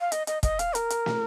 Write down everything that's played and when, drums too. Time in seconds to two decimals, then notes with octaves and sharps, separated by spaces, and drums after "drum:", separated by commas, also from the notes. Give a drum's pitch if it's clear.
0.01 F5
0.12 D#5, drum: hi-hat
0.27 D#5, drum: hi-hat
0.43 D#5, drum: kick, hi-hat
0.59 F5, drum: hi-hat
0.75 A#4, drum: hi-hat
0.90 drum: hi-hat
1.06 drum: snare